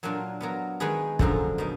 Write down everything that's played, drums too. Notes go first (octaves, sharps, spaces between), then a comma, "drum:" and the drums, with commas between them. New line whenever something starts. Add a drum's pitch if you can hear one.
A#2 F#3 A#3 D4 F4
F#3 B3 F4 A#4
D#3 G#3 D#4 G#4 B4
F#2 D3 F3 A#3 F4, drum: kick
B2 A#3 D#4